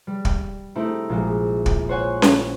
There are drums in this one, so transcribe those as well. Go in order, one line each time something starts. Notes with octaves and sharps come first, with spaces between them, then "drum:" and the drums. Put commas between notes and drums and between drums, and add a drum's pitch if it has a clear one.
G3
drum: kick
A3 C4 D#4 E4 G4
A#1 G#3
drum: kick
C5 C#5 F#5 G#5 C#6
drum: snare C#4